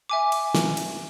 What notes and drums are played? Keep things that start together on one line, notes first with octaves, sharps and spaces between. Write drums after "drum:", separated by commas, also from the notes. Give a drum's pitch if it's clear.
E5 G#5 D6
drum: cymbal
drum: snare
drum: cymbal